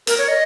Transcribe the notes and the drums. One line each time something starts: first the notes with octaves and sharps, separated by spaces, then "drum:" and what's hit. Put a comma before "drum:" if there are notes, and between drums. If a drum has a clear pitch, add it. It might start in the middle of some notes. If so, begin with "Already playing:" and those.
A#4, drum: hi-hat
C#5
D#5